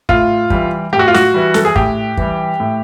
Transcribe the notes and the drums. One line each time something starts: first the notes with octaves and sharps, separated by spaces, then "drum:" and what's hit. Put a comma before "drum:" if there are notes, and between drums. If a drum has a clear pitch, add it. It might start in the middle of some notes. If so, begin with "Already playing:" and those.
A2 F4, drum: kick
E3 G3, drum: kick
A2 G4
F#4
F4
F#4, drum: snare
E3 G3
A4, drum: snare
G#4
A2 G4, drum: kick
E3 G3, drum: kick
A2